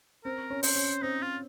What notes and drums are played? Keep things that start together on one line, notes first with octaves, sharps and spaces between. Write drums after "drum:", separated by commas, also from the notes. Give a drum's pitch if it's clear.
C4 A#4
C#4
C5, drum: open hi-hat
C#4
C4 D#4
F4